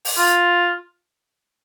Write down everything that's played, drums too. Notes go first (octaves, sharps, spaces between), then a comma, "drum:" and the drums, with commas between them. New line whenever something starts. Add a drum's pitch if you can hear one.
drum: open hi-hat
F4